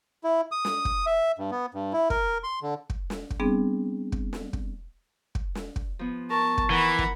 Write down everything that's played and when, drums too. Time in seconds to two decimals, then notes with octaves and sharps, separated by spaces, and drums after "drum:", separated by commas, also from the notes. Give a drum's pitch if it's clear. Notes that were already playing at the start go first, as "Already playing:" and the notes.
0.24 E4
0.52 D#6
0.65 drum: snare
0.85 drum: kick
1.06 E5
1.38 G2
1.51 B3
1.74 G2
1.93 E4
2.10 A#4, drum: kick
2.44 C6
2.62 D3
2.90 drum: kick
3.10 drum: snare
3.30 drum: kick
3.40 G3 B3 C4 D4 G#4
4.12 drum: kick
4.33 drum: snare
4.53 drum: kick
5.35 drum: kick
5.55 drum: snare
5.76 drum: kick
5.99 F3 B3
6.30 A#4 A5 C#6
6.58 drum: kick
6.70 E3 A#4 F#5 B5
6.98 drum: kick